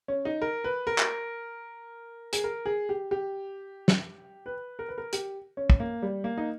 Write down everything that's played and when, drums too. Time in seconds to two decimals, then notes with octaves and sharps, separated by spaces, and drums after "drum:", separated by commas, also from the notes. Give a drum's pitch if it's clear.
0.08 C#4
0.25 D#4
0.42 A#4
0.64 B4
0.87 A#4
0.98 drum: clap
2.33 G#4, drum: hi-hat
2.44 A#4
2.66 G#4
2.89 G4
3.11 G4
3.88 drum: snare
4.46 B4
4.79 A#4
4.88 B4
4.98 A#4
5.13 G4, drum: hi-hat
5.57 C#4
5.70 drum: kick
5.80 A#3
6.02 G3
6.24 A#3
6.38 D#4